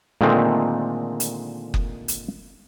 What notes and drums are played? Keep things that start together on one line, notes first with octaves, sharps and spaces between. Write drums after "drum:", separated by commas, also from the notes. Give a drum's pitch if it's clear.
A#2 D3 D#3 G#3 A3 C4
drum: hi-hat
drum: kick F#1
drum: hi-hat